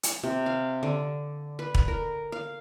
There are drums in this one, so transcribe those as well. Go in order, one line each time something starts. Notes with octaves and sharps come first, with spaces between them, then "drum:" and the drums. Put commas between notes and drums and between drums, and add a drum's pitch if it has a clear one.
drum: hi-hat
C3
F5
D3
B4
drum: kick
A#4
F5